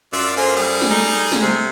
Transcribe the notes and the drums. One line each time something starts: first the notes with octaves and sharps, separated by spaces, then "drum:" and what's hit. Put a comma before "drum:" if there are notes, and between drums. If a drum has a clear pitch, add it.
F#2 F4 D5 E5 F6
A#3 F4 A4 C5 G#5
G3 G#4
drum: snare
D#4 A4
drum: snare
C3